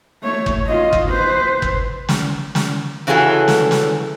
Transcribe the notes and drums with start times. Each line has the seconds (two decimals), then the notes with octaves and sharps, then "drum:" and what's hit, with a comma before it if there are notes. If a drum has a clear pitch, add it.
0.23 A3 C#5
0.46 drum: kick
0.66 F4 D#5
0.93 drum: kick
1.10 B4 C5
1.62 drum: kick
2.09 drum: snare
2.55 drum: snare
3.07 C#3 E3 F#3 G#4 A4
3.48 drum: snare
3.71 drum: snare